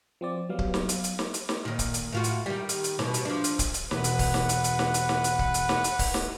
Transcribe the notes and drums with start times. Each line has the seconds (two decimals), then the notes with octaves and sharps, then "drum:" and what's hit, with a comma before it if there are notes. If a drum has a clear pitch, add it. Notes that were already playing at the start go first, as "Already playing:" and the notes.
0.21 F3 C4 D5
0.49 F#3 G3 B3 F5
0.59 drum: kick C#1
0.74 drum: snare
0.89 drum: hi-hat
1.04 drum: hi-hat
1.19 drum: snare
1.34 drum: hi-hat
1.49 drum: snare
1.65 A#2 D#3
1.79 drum: kick C#1, hi-hat
1.94 drum: hi-hat
2.12 A2 F4 F#4
2.24 drum: hi-hat
2.46 D#3 G3
2.69 drum: hi-hat
2.84 drum: hi-hat
2.99 B2, drum: snare
3.14 drum: hi-hat
3.25 F3 D4
3.44 drum: hi-hat
3.59 drum: kick C#1, hi-hat
3.74 drum: hi-hat
3.91 E1 B4 F#5, drum: snare
4.04 drum: hi-hat
4.19 drum: kick C#1, open hi-hat
4.34 drum: snare
4.49 drum: hi-hat
4.64 drum: hi-hat
4.79 drum: snare
4.94 drum: hi-hat
5.09 drum: snare
5.24 drum: hi-hat
5.39 drum: kick C#1
5.54 drum: hi-hat
5.69 drum: snare
5.84 drum: hi-hat
5.99 drum: kick C#1, open hi-hat
6.14 drum: snare